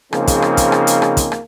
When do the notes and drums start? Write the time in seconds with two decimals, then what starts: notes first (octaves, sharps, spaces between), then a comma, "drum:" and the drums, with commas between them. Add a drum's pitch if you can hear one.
0.13 C#3 F3 A#3 C4 D#4 G#4, drum: rim click
0.27 drum: kick, hi-hat
0.42 drum: rim click
0.57 drum: kick, hi-hat
0.72 drum: rim click
0.87 drum: hi-hat
1.02 drum: rim click
1.17 drum: kick, hi-hat
1.32 drum: rim click